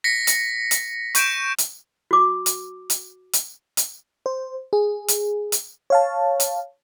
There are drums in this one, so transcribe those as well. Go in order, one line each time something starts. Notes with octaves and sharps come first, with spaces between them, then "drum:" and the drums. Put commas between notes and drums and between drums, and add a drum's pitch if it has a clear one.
A#6 B6 C#7
drum: hi-hat
drum: hi-hat
C#6 G6 D7 E7, drum: hi-hat
drum: hi-hat
F#4 D6
drum: hi-hat
drum: hi-hat
drum: hi-hat
drum: hi-hat
C5
G#4
drum: hi-hat
drum: hi-hat
C#5 F5 A5
drum: hi-hat